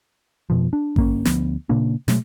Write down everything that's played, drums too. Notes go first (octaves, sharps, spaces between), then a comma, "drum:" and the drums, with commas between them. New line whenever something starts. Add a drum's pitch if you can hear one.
F2 B2 F3
D4
G1 A#3 C#4, drum: kick A1
D2 F3 B3, drum: snare
A#2 C#3 A#3 D4
B2 F#3 G#3 A3, drum: snare